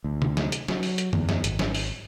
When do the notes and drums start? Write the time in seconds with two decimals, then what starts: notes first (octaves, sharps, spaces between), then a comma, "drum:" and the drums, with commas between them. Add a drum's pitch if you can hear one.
0.04 D2
0.22 drum: tom
0.37 drum: snare
0.52 drum: hi-hat
0.68 F#3, drum: snare
0.83 drum: open hi-hat
0.98 drum: hi-hat
1.13 E2, drum: tom
1.29 drum: snare
1.44 G#1, drum: hi-hat
1.59 drum: snare
1.75 drum: open hi-hat